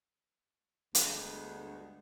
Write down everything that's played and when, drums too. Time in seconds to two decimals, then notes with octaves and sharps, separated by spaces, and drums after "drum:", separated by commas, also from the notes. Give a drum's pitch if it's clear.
0.95 D2 G2 G#3 B3, drum: hi-hat